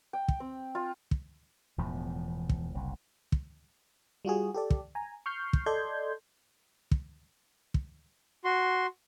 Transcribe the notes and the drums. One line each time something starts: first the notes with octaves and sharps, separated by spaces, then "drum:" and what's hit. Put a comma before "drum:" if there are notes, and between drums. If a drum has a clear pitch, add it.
G5
drum: kick
C4
F4
drum: kick
E1 E2 A2 F3
drum: kick
F#1 C2
drum: kick
G3 F4 F#4 G#4
G4 A4 D5
drum: kick
G#5 A#5
C#6 F6 G6 C7
drum: kick
A4 D5 D#5 C6 G6 G#6
drum: kick
drum: kick
F#4 C6